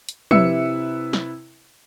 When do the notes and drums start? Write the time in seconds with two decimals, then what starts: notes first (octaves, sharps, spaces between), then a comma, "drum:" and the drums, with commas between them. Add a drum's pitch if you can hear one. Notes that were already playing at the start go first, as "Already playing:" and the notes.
0.09 drum: hi-hat
0.31 C3 E4 B4 E6 C#7, drum: tom
1.13 drum: snare